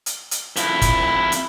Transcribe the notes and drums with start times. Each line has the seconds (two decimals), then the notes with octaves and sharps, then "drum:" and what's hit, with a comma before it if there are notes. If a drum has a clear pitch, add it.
0.06 drum: hi-hat
0.31 drum: hi-hat
0.56 F2 E4, drum: hi-hat
0.82 drum: kick, hi-hat
1.32 drum: hi-hat